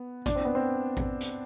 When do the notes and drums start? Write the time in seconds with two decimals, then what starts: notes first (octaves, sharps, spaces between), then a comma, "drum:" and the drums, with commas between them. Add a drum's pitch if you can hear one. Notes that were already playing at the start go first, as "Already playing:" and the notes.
Already playing: B3
0.26 D4, drum: kick A1, hi-hat
0.35 C4
0.45 B3
0.55 C4
0.97 drum: kick A1
1.21 drum: hi-hat